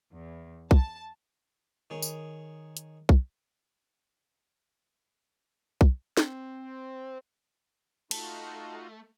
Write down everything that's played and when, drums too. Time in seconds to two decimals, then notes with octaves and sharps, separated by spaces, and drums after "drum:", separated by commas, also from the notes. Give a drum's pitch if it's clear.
0.12 E2
0.71 A5, drum: kick B1
1.90 D#3 G#4 C#5
2.02 drum: tambourine
2.77 drum: hi-hat
3.09 drum: kick B1
5.81 drum: kick B1
6.17 C4, drum: snare
8.11 A3 D#4 F4 F#4 A5, drum: cymbal